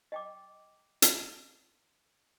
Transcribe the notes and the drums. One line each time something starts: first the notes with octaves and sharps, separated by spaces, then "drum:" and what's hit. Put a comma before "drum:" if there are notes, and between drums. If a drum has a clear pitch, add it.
D#5 G5 D6
drum: hi-hat